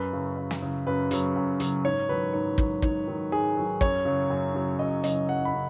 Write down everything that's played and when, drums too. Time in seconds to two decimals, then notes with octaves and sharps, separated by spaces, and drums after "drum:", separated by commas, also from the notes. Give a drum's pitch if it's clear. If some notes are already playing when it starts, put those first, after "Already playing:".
Already playing: F#2 B4
0.13 C#3 F#3
0.37 F#2
0.51 drum: snare
0.62 C#3 F#3
0.87 F#2 B4
1.11 C#3 F#3, drum: hi-hat
1.36 F#2
1.60 C#3 F#3, drum: hi-hat
1.85 G#2 C#5
2.09 D#3 F#3 B4
2.33 G#2 C#5
2.58 D#3 F#3, drum: kick
2.82 G#2 C#5, drum: kick
3.08 D#3 F#3
3.32 G#2 G#4
3.57 D#3 F#3
3.81 F#2 C#5, drum: kick
4.05 C#3 F#3
4.30 F#2
4.55 C#3 F#3
4.79 F#2 D#5
5.04 C#3 F#3 D#5, drum: hi-hat
5.29 F#2 F#5
5.45 B5
5.53 C#3